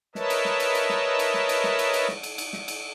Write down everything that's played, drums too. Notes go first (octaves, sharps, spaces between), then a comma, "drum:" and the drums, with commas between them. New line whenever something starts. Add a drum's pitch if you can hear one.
A#4 B4 C#5 D#5 E5 A5, drum: snare
drum: cymbal
drum: snare
drum: cymbal
drum: cymbal
drum: snare
drum: cymbal
drum: snare
drum: cymbal
drum: snare
drum: cymbal
drum: cymbal
drum: snare
drum: cymbal
drum: cymbal
drum: snare
drum: cymbal